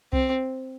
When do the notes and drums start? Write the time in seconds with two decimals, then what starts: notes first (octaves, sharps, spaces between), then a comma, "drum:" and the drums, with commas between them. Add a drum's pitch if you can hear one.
0.13 C4, drum: kick C2